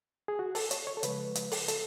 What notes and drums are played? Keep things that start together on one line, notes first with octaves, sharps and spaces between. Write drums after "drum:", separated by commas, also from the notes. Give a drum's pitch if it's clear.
G#4
F#4
A4, drum: open hi-hat
C#5, drum: hi-hat
C#5
A4
C#3 F3 G#3 B4, drum: hi-hat
drum: hi-hat
drum: open hi-hat
A4, drum: hi-hat